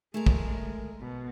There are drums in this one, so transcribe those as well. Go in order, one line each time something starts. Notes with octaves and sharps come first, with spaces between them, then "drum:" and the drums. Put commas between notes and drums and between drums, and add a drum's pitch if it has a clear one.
G#3 A3 G#4 A#4
drum: kick
B2